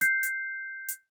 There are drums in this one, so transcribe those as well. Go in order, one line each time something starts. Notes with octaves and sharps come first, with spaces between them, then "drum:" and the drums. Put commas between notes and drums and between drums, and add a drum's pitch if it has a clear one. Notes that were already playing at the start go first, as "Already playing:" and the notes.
G6 C7, drum: hi-hat
drum: hi-hat
drum: hi-hat